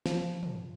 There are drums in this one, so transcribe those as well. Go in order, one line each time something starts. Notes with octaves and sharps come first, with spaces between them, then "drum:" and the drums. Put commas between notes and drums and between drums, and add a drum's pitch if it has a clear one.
F3, drum: snare
drum: tom